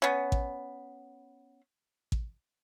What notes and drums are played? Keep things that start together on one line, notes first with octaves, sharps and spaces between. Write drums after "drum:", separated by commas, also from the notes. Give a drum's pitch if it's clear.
B3 C#4
drum: kick A1
drum: kick A1